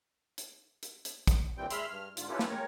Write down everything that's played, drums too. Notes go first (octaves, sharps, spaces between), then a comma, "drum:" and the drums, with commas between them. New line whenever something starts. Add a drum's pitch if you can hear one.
drum: hi-hat
drum: hi-hat
drum: hi-hat
drum: kick, hi-hat
D#2 A#2 E3 G3 C4 G5
G#3 E5 B5 C6 F6, drum: hi-hat
G2 F6
G#2 D3 F4, drum: hi-hat
C#4 E4 F4 G4 A4 B4
drum: snare
G#3 C4 A#4 C#5